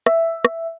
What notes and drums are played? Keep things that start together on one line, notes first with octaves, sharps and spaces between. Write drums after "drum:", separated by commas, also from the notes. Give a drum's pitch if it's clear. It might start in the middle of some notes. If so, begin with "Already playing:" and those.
E5, drum: rim click
drum: rim click